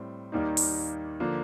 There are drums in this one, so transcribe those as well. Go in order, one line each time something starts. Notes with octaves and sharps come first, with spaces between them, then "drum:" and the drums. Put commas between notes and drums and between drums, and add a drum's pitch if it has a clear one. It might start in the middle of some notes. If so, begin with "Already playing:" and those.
Already playing: A2 G3 C4
D#2 D#3 G3 A#3 D#4
drum: open hi-hat
D3 F3 A#3